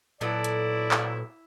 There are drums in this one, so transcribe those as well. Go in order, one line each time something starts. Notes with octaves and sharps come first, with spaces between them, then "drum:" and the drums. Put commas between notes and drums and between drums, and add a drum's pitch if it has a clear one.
A#2 F#3 B3 E4 A4 D5
drum: hi-hat
drum: clap